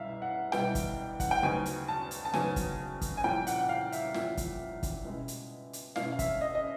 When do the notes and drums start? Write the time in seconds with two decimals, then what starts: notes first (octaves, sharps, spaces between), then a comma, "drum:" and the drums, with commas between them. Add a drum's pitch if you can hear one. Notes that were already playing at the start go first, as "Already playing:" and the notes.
Already playing: C2 B2 G3 E5 F5
0.22 F#5
0.52 C2 B2 G3 B3 E4 G5, drum: snare
0.75 drum: kick F#1, hi-hat
1.20 F#5, drum: kick F#1, hi-hat
1.31 G5
1.43 D2 C#3 F#3 B3 D#4 G#5
1.66 drum: hi-hat
1.88 A5
2.11 drum: hi-hat
2.25 A5
2.33 D2 C#3 F#3 B3 D#4 G#5, drum: snare
2.56 drum: kick F#1, hi-hat
3.01 drum: kick F#1, hi-hat
3.17 G#5
3.24 C2 A#2 F3 G5
3.47 F#5, drum: hi-hat
3.59 F#5
3.69 F5
3.92 E5, drum: hi-hat
4.14 C2 A#2 F3 E5, drum: snare
4.37 drum: kick F#1, hi-hat
4.83 drum: kick F#1, hi-hat
5.05 B2 G#3 C#4 E4
5.28 drum: hi-hat
5.73 drum: hi-hat
5.96 B2 G#3 C#4 E4 F5, drum: snare
6.12 F5
6.19 E5, drum: kick F#1, hi-hat
6.41 D#5
6.55 D#5